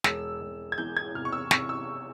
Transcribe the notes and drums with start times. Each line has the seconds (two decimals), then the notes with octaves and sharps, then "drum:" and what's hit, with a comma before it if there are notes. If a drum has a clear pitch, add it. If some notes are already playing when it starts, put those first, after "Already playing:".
0.04 E1 E6, drum: snare
0.41 E1
0.72 G#6
0.78 E2 G6
0.97 G#6
1.15 C3 F6
1.25 C#6
1.32 E6
1.51 C3 C#6, drum: snare
1.69 E6